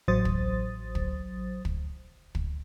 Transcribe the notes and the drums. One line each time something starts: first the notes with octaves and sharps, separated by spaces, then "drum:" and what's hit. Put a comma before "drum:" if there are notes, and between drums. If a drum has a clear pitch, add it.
A1 F#3 C5 D#6 A6
drum: kick
drum: kick
drum: kick
drum: kick